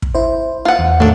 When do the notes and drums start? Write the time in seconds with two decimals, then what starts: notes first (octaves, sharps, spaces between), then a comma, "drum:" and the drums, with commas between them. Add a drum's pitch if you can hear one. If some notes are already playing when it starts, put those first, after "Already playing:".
0.02 drum: kick
0.15 E4 C5
0.65 F4 F#5
0.79 E2
1.00 A2 D#3 F#3 A3 D4